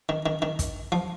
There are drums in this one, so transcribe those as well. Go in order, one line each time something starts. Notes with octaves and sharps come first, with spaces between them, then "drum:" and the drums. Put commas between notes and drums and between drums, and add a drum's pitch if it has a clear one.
D#3
D#3
D#3
drum: kick, hi-hat
F3